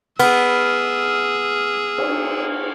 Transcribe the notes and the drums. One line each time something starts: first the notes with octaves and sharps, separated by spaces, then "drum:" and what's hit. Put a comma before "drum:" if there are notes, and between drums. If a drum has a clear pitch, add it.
B3 G#4 E6 F6, drum: cymbal
drum: cymbal